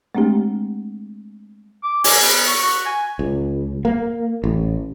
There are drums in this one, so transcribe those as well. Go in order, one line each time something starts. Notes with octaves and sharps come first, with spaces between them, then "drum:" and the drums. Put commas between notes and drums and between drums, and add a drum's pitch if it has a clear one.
G#3 A3 C4 D4 G4
D6
G#5, drum: open hi-hat
B3
C#6
F#4
G#5
C#2
A#3
A1